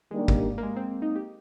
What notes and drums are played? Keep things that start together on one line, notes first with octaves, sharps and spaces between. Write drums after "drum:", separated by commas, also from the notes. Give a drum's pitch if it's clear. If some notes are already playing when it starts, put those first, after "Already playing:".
D#3 G3 G#3 A#3 D4 G4
drum: kick G1
A#3
G#3
C4
D#4
G4